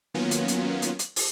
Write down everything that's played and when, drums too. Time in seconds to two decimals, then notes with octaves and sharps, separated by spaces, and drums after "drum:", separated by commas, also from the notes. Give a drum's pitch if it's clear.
0.14 D#3 F#3 A#3 B3 C#4 F4
0.31 drum: hi-hat
0.48 drum: hi-hat
0.82 drum: hi-hat
0.99 drum: hi-hat
1.16 drum: open hi-hat